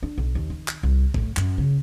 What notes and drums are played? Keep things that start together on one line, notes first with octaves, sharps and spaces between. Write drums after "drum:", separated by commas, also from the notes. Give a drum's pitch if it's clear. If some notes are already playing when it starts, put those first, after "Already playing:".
D4
B1
D#2
D#3
drum: clap
C2
A2, drum: kick G#1
F#2, drum: clap
C#3